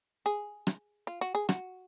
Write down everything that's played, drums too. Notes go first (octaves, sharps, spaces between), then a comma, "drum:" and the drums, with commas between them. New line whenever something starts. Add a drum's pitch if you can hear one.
G#4
drum: rim click
F4
F#4
G#4
F#4, drum: rim click